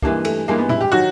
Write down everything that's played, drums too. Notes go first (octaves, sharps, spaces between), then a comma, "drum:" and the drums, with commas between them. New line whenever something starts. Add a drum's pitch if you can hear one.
G2 E3 G#3 A#3, drum: kick
A3, drum: cymbal
G2 E3 G#3 A#3
B3
E4, drum: tom A2
G4
D#3 F#3 F#4